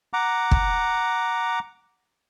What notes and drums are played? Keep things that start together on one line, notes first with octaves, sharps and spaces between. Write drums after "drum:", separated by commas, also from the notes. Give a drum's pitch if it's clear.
F#5 A#5 D6
drum: kick